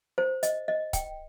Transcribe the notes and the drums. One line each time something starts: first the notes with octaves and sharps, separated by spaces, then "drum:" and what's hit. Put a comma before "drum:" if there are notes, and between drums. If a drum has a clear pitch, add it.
C5
D#5, drum: hi-hat
D#5
G5, drum: kick C#1, hi-hat